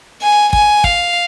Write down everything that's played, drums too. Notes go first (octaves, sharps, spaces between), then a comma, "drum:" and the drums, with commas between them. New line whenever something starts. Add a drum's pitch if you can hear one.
G#5
G#5, drum: kick
F5, drum: kick